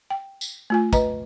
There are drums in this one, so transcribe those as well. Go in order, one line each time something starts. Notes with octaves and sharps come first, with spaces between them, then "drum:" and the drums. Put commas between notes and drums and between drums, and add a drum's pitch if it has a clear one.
G5
drum: tambourine
A3 F4 G#5
B4 D#5 A#5, drum: kick, tambourine